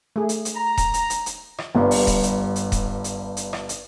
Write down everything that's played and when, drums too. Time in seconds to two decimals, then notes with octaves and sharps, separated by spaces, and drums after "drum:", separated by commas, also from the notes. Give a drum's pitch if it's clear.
0.16 A3 G#4
0.29 drum: hi-hat
0.45 drum: hi-hat
0.56 A#5
0.77 drum: kick D#1, hi-hat
0.94 drum: hi-hat
1.10 drum: hi-hat
1.26 drum: hi-hat
1.58 drum: rim click
1.75 G1 G2
1.91 drum: open hi-hat
2.07 drum: kick D#1, hi-hat
2.23 drum: hi-hat
2.56 drum: hi-hat
2.72 drum: kick D#1, hi-hat
3.04 drum: hi-hat
3.37 drum: hi-hat
3.53 drum: rim click
3.69 drum: hi-hat